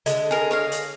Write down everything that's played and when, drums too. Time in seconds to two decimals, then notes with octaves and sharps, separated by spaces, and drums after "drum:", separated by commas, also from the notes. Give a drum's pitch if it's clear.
0.06 D3 G#3, drum: hi-hat
0.31 G#4 A#4 D#5
0.51 C#5 D#5 F5
0.72 drum: hi-hat